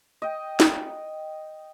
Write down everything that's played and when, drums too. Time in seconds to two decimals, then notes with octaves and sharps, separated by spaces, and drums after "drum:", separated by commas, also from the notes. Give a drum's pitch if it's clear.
0.22 D#5 G5
0.60 drum: snare